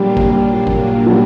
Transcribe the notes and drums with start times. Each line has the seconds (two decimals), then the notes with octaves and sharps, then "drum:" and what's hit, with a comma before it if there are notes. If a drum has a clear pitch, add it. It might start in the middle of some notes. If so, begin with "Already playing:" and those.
Already playing: A#2 F#3 G3 A#3 D4 F4
0.17 drum: kick A1
0.31 G3
0.67 drum: kick A1
1.06 F#3
1.10 G3